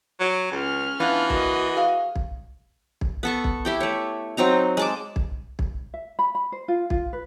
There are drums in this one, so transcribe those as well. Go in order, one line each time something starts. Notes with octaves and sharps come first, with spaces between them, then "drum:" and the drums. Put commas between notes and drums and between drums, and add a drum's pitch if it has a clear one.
F#3
C#2 C#4 F6
E3 B3 D4 F4
A#3 F#4 D#5, drum: kick
G#4 F5
drum: kick
drum: kick
B3 A4 C#6
drum: kick
E4 G4 G5
A3 C#5
F#3 C4 D#4 A#5
G#3 A5 D6
drum: kick
drum: kick
E5
B5
B5
C5
F4
F4, drum: kick
B4